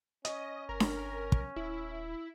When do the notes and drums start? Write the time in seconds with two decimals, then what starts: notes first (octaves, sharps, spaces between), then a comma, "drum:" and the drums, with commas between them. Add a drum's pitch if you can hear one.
0.25 C#4 D#5, drum: hi-hat
0.69 G1 A#4
0.80 drum: snare D4
1.32 drum: kick
1.56 D#1 E4